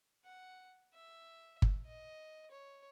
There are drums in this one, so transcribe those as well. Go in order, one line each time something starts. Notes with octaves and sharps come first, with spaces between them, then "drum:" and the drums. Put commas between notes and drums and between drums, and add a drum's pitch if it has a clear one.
F#5
E5
drum: kick G1
D#5
C#5